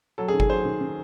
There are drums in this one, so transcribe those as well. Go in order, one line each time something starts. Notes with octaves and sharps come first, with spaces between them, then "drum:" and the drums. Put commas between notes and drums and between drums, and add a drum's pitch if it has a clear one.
F#3 A4
G#4
D#3
G#4, drum: kick G1
F#3 C5
D#3
D#3